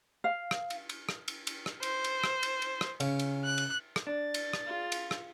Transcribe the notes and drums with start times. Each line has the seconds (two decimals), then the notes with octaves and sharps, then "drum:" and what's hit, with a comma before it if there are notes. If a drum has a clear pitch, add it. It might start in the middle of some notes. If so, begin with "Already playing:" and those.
0.24 F5
0.51 drum: rim click
0.70 drum: cymbal
0.89 drum: cymbal
1.09 drum: rim click
1.28 drum: cymbal
1.47 drum: cymbal
1.66 drum: rim click
1.83 C5, drum: cymbal
2.04 drum: cymbal
2.24 drum: rim click
2.43 drum: cymbal
2.62 drum: cymbal
2.81 drum: rim click
3.00 C#3, drum: cymbal
3.19 drum: cymbal
3.45 F#6
3.58 drum: cymbal
3.96 drum: rim click
4.07 D4 A6
4.34 drum: cymbal
4.53 drum: rim click
4.66 F4 G#4
4.92 drum: cymbal
5.11 drum: rim click